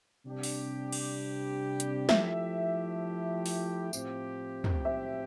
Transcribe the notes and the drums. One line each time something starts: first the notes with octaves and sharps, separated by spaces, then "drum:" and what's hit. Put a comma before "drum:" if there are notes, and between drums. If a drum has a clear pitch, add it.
C3 G3 D4 G4
drum: open hi-hat
drum: cymbal
drum: hi-hat
F3 A3 E4 G4 E5, drum: snare
drum: open hi-hat
A2 F3 C4 G4, drum: tambourine
drum: tom
E5